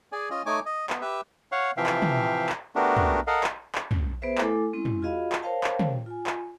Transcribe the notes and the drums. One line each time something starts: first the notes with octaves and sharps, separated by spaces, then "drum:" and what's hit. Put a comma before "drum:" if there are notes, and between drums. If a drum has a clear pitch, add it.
G#4 D5 G#5
C#4 F4 D#5
A3 D#4 C#5 G#5 D6
D#5
B3, drum: clap
G4 B4 E5
C#5 F5 F#5 C#6
C3 E3 F3 E5 F5 G5
drum: clap
drum: tom
drum: clap
A3 B3 D4 F#4 G4 A#4
drum: tom
A4 A#4 D#5 F5 F#5
drum: clap
drum: clap
drum: tom
B3 G#4 B4 C5 E5
A3 E4 A4 G#5 D6, drum: clap
G#3 C4 C#4 E4
drum: tom
F4 F#4 G#4 D#5 F5 B5
drum: clap
A#4 C5 C#5 F5 G5 A5
drum: clap
drum: tom
F4 G#5
drum: clap